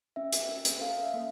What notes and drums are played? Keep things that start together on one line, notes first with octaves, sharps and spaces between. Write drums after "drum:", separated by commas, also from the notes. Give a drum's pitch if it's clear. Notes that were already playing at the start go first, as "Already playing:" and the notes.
C#4 E5
drum: hi-hat
C#4
drum: hi-hat
A4 F5
E5
A#3